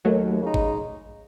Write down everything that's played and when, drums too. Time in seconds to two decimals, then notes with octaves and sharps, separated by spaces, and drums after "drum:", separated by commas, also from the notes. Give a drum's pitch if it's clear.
0.05 D#2 F#3 A3
0.42 C#3 G#3 D#4
0.54 drum: kick